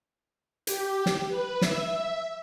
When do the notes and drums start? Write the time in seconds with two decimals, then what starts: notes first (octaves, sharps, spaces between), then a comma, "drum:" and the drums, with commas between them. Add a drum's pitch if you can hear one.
0.67 G4, drum: hi-hat
1.06 drum: snare
1.29 B4
1.62 E5, drum: snare